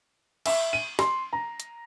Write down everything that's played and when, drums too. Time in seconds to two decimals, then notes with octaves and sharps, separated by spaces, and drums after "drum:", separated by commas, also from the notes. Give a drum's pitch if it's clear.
0.46 E5, drum: cymbal
0.73 D#7
0.99 C6, drum: snare
1.33 A#5
1.60 drum: hi-hat